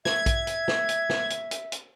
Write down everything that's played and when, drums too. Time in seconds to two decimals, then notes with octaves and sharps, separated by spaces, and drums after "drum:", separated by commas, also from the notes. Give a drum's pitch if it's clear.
0.05 E5 G#6, drum: snare
0.26 drum: kick A#1, hi-hat
0.47 drum: hi-hat
0.68 drum: snare
0.89 drum: hi-hat
1.09 drum: snare
1.30 drum: hi-hat
1.51 drum: hi-hat
1.72 drum: hi-hat